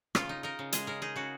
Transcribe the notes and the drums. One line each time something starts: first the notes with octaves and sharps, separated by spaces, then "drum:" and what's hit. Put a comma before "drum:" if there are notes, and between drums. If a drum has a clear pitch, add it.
C#3 F4, drum: rim click
D#4
D#4 A#4
C#3
G#3 G#4, drum: hi-hat
C#3 A#4
D#4 G#4
C#3 F#4